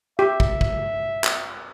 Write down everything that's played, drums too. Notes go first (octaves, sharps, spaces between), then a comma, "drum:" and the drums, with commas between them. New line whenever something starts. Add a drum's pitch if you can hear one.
G4 E5
drum: kick
drum: kick
drum: clap